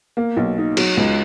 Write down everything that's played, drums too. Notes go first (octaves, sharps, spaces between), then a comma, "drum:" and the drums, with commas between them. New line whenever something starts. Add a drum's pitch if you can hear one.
A#3
B1
D#4
F#3, drum: cymbal
C#2